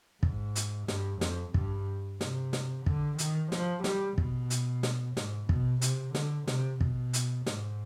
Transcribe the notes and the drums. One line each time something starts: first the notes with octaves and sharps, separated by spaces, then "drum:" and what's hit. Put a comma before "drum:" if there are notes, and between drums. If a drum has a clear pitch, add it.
G#2, drum: kick
drum: hi-hat
G2, drum: snare
F2, drum: snare
G2, drum: kick
C3, drum: snare
drum: snare
D3, drum: kick
D#3, drum: hi-hat
F3, drum: snare
G3, drum: snare
B2, drum: kick
drum: hi-hat
drum: snare
G#2, drum: snare
B2, drum: kick
C3, drum: hi-hat
D3, drum: snare
C3, drum: snare
B2, drum: kick
drum: hi-hat
G#2, drum: snare